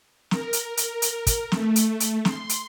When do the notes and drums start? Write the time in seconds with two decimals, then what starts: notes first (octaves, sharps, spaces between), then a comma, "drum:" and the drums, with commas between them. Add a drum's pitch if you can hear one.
0.31 A#4, drum: snare
0.53 drum: hi-hat
0.77 drum: hi-hat
1.02 drum: hi-hat
1.27 drum: kick, hi-hat
1.52 A3, drum: snare
1.76 drum: hi-hat
2.00 drum: hi-hat
2.25 C6, drum: snare
2.49 drum: hi-hat